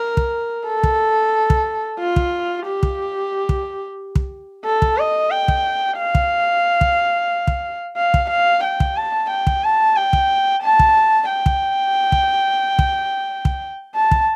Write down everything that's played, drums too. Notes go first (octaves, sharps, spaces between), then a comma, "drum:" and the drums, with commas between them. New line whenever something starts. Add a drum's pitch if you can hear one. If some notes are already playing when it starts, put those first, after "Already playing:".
Already playing: A#4
drum: kick
A4
drum: kick
drum: kick
F4
drum: kick
G4
drum: kick
drum: kick
drum: kick
A4
drum: kick
D#5
G5
drum: kick
F5
drum: kick
drum: kick
drum: kick
F5
drum: kick
F5
G5
drum: kick
A5
G5
drum: kick
A5
G5
drum: kick
A5
drum: kick
G5
drum: kick
drum: kick
drum: kick
drum: kick
A5
drum: kick